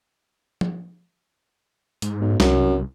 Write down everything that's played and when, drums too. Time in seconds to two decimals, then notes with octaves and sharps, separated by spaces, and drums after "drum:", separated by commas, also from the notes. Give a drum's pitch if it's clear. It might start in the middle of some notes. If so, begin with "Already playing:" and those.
0.61 drum: tom F3
2.02 G#2, drum: hi-hat
2.21 B1
2.40 C2 F#2, drum: snare